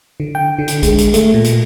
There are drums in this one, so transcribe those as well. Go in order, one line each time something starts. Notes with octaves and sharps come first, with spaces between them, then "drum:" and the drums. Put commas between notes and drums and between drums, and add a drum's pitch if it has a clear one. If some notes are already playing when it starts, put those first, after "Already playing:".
D3
G5
D3
drum: hi-hat
G#3, drum: kick, hi-hat
drum: hi-hat
A3, drum: hi-hat
A#2
drum: hi-hat